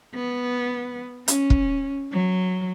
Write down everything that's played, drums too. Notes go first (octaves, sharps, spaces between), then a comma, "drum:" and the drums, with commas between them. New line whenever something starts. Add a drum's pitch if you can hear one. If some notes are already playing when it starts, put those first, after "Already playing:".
B3
C#4, drum: hi-hat
drum: kick
F#3